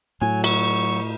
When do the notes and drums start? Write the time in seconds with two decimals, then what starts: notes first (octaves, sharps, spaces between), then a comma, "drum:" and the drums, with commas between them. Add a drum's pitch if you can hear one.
0.22 A2 F#3 G#5
0.44 C#6, drum: cymbal